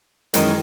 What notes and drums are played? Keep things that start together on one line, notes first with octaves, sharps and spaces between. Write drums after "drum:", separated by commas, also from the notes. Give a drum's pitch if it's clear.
F#2 D#3 E3 G#3, drum: hi-hat